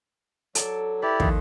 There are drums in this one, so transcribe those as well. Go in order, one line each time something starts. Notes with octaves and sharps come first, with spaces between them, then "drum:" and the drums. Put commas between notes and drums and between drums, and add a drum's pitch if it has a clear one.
F#3 A4 D5, drum: hi-hat
E4 G4 B4 D5
D#2 F3 D#4, drum: kick